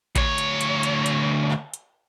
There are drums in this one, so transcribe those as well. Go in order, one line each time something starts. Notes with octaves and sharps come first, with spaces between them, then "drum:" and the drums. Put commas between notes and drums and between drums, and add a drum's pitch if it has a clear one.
D2 C#5, drum: kick A1, hi-hat
drum: hi-hat
drum: hi-hat
drum: hi-hat
drum: hi-hat
drum: clap
drum: hi-hat